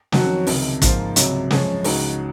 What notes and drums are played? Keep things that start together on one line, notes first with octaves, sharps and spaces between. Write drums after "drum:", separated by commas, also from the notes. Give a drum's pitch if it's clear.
F2 D#3 F#3 C#4 F#4, drum: snare
C#2 C3 D#3, drum: open hi-hat
G#2 F3 A#3 F4 C5, drum: kick, hi-hat
C#2 C3 F#3, drum: hi-hat
F#2 F3 G#3 C#4, drum: snare
C#2 C#3 G#3 D#4 F#4, drum: open hi-hat